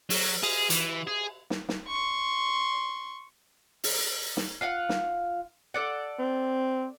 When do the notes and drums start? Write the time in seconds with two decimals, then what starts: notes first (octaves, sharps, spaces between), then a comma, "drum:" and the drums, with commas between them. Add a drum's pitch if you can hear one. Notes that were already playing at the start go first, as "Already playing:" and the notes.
0.10 F#3, drum: open hi-hat
0.43 G#4, drum: cymbal
0.70 E3, drum: hi-hat
1.07 G#4
1.50 drum: snare
1.69 drum: snare
1.88 C6 C#6
3.84 drum: open hi-hat
4.37 drum: snare
4.61 F4 F5 F#5
4.89 drum: snare
5.74 A4 D5 F#5
6.19 C4